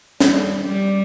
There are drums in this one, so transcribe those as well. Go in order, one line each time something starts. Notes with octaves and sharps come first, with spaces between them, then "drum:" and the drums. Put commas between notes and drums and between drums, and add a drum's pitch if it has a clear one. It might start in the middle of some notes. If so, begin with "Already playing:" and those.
G3, drum: snare
G3